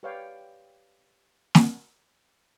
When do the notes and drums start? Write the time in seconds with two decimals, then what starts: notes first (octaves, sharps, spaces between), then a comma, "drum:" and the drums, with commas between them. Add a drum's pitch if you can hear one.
0.03 G4 B4 C#5 D5 F5 G5
1.55 drum: snare